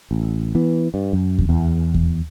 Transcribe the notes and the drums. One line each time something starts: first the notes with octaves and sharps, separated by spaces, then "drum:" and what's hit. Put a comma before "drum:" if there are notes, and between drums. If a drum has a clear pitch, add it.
A1
E3 B3
G2
F#2
drum: kick D#2
E2
drum: kick D#2